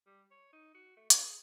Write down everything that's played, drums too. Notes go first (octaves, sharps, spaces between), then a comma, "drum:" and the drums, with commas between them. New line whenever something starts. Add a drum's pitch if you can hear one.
G3
C#5
D#4
F#4
A3
D3, drum: hi-hat
G#4